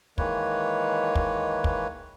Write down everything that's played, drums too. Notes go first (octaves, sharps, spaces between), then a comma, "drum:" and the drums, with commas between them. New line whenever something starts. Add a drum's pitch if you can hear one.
D#3 E3 G#3 A#3 B4 C#5, drum: kick
drum: kick
drum: kick